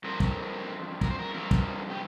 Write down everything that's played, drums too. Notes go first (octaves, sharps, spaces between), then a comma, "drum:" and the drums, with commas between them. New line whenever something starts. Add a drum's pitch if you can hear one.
G2 F3 C4 A#4
drum: kick
A#4, drum: kick
C5
A#4
G2 F3 C4 A#4
drum: kick
G4